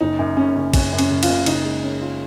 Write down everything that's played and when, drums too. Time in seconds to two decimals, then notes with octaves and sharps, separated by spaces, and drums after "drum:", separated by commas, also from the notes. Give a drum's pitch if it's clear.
0.01 F#1 D#4
0.19 F#2
0.37 C#3 C#4
0.56 F#1
0.73 F#1 C#4, drum: kick, cymbal
0.93 F#2
0.99 C#4, drum: cymbal
1.11 C#3
1.23 F4, drum: cymbal
1.29 F#1
1.46 C#3 D#4, drum: cymbal
1.65 G#3
1.84 C#4
2.02 F4